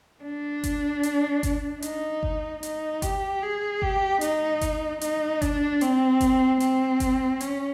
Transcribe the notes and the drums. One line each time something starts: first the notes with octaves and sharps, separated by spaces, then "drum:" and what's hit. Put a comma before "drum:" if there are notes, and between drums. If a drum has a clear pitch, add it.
D4
drum: kick G1, hi-hat
drum: hi-hat
drum: kick G1, hi-hat
D#4, drum: hi-hat
drum: kick G1
D#4, drum: hi-hat
G4, drum: kick G1, hi-hat
G#4
G4, drum: kick G1
D#4, drum: hi-hat
drum: kick G1, hi-hat
D#4, drum: hi-hat
D4, drum: kick G1, hi-hat
C4, drum: hi-hat
drum: kick G1, hi-hat
C4, drum: hi-hat
drum: kick G1, hi-hat
C#4, drum: hi-hat